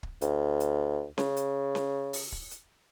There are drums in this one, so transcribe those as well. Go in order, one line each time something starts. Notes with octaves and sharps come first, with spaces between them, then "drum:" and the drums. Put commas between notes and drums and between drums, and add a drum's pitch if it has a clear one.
drum: kick
D2, drum: hi-hat
drum: hi-hat
C#3, drum: snare C#4
drum: hi-hat
drum: snare C#4
drum: open hi-hat
drum: kick
drum: hi-hat